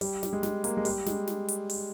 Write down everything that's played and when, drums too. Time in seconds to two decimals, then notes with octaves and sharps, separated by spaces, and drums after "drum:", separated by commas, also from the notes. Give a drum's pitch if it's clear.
0.01 G3, drum: open hi-hat
0.23 G3, drum: snare
0.33 G#3
0.43 G#3, drum: snare
0.64 A#3, drum: hi-hat
0.77 G#3
0.85 G3, drum: open hi-hat
1.06 G#3, drum: snare
1.27 drum: snare
1.48 drum: hi-hat
1.69 drum: open hi-hat